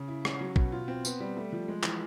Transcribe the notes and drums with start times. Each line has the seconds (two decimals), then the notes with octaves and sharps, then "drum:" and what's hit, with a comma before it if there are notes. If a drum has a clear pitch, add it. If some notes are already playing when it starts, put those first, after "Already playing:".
Already playing: C#3
0.08 E4
0.25 C#4, drum: rim click
0.41 F#3
0.56 B2, drum: kick
0.72 F4
0.88 C4
1.05 B3, drum: tambourine
1.20 G3
1.37 A3
1.53 F3
1.68 G#3
1.83 E3, drum: clap